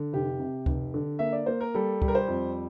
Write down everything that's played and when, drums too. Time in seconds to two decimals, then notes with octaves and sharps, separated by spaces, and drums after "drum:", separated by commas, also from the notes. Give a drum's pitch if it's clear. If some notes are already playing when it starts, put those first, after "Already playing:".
Already playing: D3
0.13 F1 G4
0.39 C3
0.66 F1, drum: kick C#2
0.94 D3
1.19 A#3 E5
1.32 D5
1.46 A#3 C5
1.60 A#4
1.75 G3 A4
2.02 G3, drum: kick C#2
2.08 A#4
2.15 C5
2.28 F2